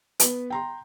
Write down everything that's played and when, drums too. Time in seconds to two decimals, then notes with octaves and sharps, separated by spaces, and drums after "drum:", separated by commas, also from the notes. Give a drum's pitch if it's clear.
0.20 B3 B4, drum: hi-hat
0.50 G5 A#5 C6